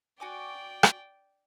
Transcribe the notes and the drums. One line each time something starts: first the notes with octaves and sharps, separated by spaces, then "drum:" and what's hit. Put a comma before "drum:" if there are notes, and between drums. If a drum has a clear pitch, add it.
F#4 D5 G5 G#5 D6
drum: rim click